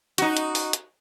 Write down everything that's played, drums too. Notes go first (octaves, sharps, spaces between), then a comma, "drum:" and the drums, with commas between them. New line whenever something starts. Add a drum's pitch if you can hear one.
D#4 F#4, drum: hi-hat
drum: hi-hat
drum: open hi-hat
drum: hi-hat